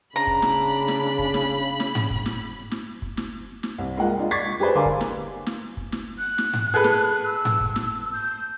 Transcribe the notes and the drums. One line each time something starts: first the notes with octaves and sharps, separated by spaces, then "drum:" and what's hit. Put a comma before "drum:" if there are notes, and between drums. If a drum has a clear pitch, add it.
C#3 D4 A#5 B5
drum: kick
drum: snare
drum: snare
drum: kick
drum: snare
drum: snare
drum: tom G#2
drum: kick
drum: snare
drum: snare
drum: kick
drum: snare
drum: snare
C2
G#3 A#3 F4 F#5
G#3 D4 F4
C#6 D6 G#6 A6 B6 C7
G4 G#4 B4 C5 D5
D3 A#4 F5 G#5 C6 D6
drum: kick
drum: snare
drum: snare
drum: kick
drum: snare
F#6
drum: snare
drum: tom G#2
G#4 A4 B4
drum: snare
E6
drum: tom G#2
drum: kick
drum: snare
G6